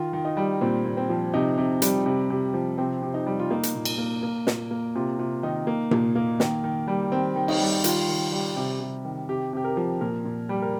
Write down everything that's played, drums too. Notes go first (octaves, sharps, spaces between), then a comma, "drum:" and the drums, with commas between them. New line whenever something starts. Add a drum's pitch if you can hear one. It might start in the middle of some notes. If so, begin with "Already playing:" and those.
Already playing: D#3 F4
D#3
D#4
G3
A#2 C4
A#2
C4
F3
C3 D#4
C3
G3, drum: hi-hat
C3
C3
F3
C3 C4
C3
D#4
G3
F4
A#3 D#4
drum: hi-hat
A#2
drum: cymbal
A#3
A#3
A#2, drum: snare
A#3
C3 F4
C3 F4
D#3 D#4
A#3
A#2, drum: tom C3
A#3
D#3, drum: snare
D#3
G3
D#3 C4
D#3
D#4, drum: cymbal
G3
D#3 F4, drum: hi-hat
D#3
G3
C3
C3
D#3
C3 G4
C3 G4
A#4
F3
A#2 A#4
A#2
G3 G4
A#4